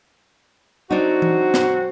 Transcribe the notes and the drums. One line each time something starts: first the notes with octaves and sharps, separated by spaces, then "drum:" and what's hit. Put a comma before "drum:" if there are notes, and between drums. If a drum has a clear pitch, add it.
F#3 C4 D4 D#4 F#4
drum: tom E3
drum: snare